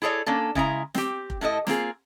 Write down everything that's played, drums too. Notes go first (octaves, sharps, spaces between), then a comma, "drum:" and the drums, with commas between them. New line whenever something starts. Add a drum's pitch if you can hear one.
E4 G#4 A4 C#5 D5
A#3 C#4 D4 A4
C#3 G#3 E4 A#5, drum: kick F1
C4 G4, drum: snare
drum: kick F1
A2 E4 A4 D#5
A#3 C4 F4 G#4, drum: snare